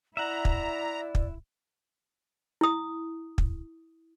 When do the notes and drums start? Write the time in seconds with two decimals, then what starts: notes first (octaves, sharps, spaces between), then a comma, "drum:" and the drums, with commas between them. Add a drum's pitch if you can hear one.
0.17 E4 D5 E5 F#5 A#5
0.45 drum: kick
1.15 drum: kick
2.61 E4 D#6
3.38 drum: kick